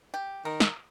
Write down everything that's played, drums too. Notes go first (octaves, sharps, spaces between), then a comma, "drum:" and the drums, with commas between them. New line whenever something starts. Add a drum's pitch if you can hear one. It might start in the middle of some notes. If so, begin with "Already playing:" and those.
G4
D#3 A#4
drum: snare